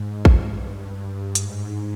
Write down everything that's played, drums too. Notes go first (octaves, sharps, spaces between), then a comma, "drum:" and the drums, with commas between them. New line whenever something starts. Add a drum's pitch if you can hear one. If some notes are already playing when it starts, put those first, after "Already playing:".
Already playing: G#2
drum: kick A1
G2
G#2, drum: hi-hat